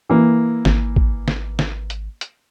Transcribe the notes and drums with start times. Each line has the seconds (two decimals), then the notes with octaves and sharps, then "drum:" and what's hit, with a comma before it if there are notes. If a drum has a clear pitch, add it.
0.09 E3 A#3
0.65 G#1, drum: snare
0.96 drum: kick A1
1.28 drum: snare
1.59 drum: snare
1.90 drum: hi-hat
2.21 drum: hi-hat